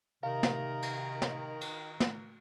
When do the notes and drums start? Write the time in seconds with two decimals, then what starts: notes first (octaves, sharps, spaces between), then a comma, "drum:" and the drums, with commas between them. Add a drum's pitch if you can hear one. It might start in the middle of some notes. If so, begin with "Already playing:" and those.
0.23 C3 D#3 A#4 F5
0.43 drum: snare
0.82 drum: cymbal
1.22 drum: snare
1.61 drum: cymbal
2.00 drum: snare